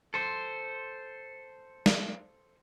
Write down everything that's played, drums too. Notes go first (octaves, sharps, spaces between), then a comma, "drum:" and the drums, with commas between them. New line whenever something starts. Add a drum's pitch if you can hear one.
A4 C5
drum: snare